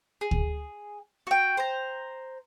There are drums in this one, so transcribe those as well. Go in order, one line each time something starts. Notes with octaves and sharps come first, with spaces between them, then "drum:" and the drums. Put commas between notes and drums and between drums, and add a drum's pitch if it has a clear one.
G#4
drum: kick
F#4 G5
C5 A#5